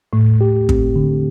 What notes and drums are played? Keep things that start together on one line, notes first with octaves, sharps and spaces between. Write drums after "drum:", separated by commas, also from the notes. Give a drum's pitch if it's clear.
A2 A3
G4
C4, drum: kick
D3